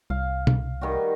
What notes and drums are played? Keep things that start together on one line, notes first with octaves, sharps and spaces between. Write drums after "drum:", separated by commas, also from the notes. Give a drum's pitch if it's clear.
C2 F5
drum: tom
D#3 G3 F#4